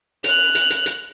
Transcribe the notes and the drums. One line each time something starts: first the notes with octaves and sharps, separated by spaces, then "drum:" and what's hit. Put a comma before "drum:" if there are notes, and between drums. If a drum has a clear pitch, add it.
F#6 F7, drum: hi-hat
drum: hi-hat
drum: hi-hat
drum: hi-hat